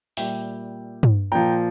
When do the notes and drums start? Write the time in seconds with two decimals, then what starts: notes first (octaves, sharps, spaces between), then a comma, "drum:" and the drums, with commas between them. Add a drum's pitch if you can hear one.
0.17 A#2 G3 E5 G5, drum: open hi-hat
1.03 drum: tom
1.32 A#2 F3 G5 A#5